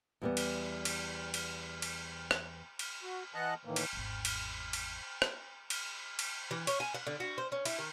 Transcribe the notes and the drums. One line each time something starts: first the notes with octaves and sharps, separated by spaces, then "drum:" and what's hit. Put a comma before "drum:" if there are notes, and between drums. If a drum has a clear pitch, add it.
E2 G3 B3
drum: cymbal
drum: cymbal
drum: cymbal
drum: cymbal
drum: rim click
drum: cymbal
F#4
E3 D#5 F#5 A5 F#6
A2 D#3 E3 A#3
drum: cymbal
G#1 E2
drum: cymbal
drum: cymbal
drum: rim click
drum: cymbal
drum: cymbal
E3
C#5, drum: cymbal
G#5
F#5
D3
F#4
C5
C#4
E4, drum: cymbal
D#3